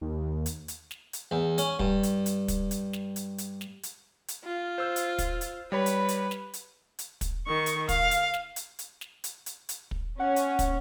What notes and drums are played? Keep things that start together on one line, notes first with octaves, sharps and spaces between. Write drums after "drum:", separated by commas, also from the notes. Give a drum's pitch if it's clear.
D#2
drum: hi-hat
drum: hi-hat
drum: snare
drum: hi-hat
E2
C#4, drum: hi-hat
G2, drum: kick
drum: hi-hat
drum: hi-hat
drum: kick, hi-hat
drum: hi-hat
drum: snare
drum: hi-hat
drum: hi-hat
drum: snare
drum: hi-hat
drum: hi-hat
F4
C5 E6 G6
drum: hi-hat
drum: kick, hi-hat
drum: hi-hat
G3 B4 C#5 B5
drum: hi-hat
drum: hi-hat
drum: snare
drum: hi-hat
drum: hi-hat
drum: kick, hi-hat
D#3 C#6
drum: hi-hat
F5, drum: kick, hi-hat
drum: hi-hat
drum: snare
drum: hi-hat
drum: hi-hat
drum: snare
drum: hi-hat
drum: hi-hat
drum: hi-hat
drum: kick
C#4 F#5
drum: hi-hat
drum: kick, hi-hat